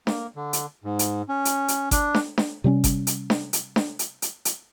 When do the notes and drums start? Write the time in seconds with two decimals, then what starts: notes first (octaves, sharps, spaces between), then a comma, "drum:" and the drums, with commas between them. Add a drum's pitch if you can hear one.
0.07 A#3, drum: snare D4
0.36 D3
0.53 drum: hi-hat
0.84 G#2
0.99 drum: hi-hat
1.29 C#4
1.45 drum: hi-hat
1.68 drum: hi-hat
1.91 D4, drum: kick G1, hi-hat
2.14 drum: snare D4
2.38 drum: snare D4
2.64 C3 G3 C4 C#4
2.84 drum: kick G1, hi-hat
3.07 drum: hi-hat
3.30 drum: snare D4
3.53 drum: hi-hat
3.76 drum: snare D4
3.99 drum: hi-hat
4.22 drum: hi-hat
4.45 drum: hi-hat